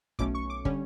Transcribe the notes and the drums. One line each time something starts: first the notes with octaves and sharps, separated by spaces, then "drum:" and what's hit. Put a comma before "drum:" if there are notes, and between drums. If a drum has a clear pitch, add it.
B1 B2 A3 C#4 D6, drum: kick
C#6
D6
D3 G3 C#4, drum: kick